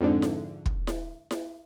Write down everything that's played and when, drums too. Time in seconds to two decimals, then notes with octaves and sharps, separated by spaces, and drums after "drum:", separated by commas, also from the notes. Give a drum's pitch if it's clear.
0.01 F2 G#2 D3
0.22 drum: snare E4
0.66 drum: kick
0.87 drum: snare E4
1.31 drum: snare E4